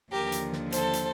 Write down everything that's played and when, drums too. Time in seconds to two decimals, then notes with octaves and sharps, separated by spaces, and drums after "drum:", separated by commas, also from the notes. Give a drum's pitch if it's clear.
0.11 D#2 D3 F3 G4 A#4
0.32 drum: hi-hat
0.52 drum: snare
0.72 A4 C5, drum: hi-hat
0.93 drum: hi-hat